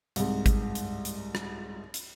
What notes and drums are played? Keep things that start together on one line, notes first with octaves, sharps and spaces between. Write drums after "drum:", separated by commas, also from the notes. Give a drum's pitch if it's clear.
C2 G#2, drum: hi-hat
drum: kick G#1, hi-hat
drum: hi-hat
drum: hi-hat
drum: rim click
drum: hi-hat